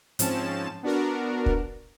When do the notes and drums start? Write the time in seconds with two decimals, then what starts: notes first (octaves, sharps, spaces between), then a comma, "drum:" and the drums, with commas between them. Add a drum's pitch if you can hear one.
0.19 G#2 F3 C4 C#4 A5 E7, drum: hi-hat
0.83 B3 D4 F#4 A#4
1.46 drum: kick